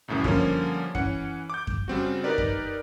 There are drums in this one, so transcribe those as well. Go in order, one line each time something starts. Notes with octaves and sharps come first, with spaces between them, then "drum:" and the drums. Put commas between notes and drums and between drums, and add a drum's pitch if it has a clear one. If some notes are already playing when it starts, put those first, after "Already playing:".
C2 F#2 A2 C#3 E3
D3 F3 G3 A#3 C#4, drum: kick F#2
E3 C#4 F#5 C#7, drum: kick F#2
D6 G6
drum: kick F#2
C#3 G3 C4 F#4
D#4 G4 A#4 B4 D5
drum: kick F#2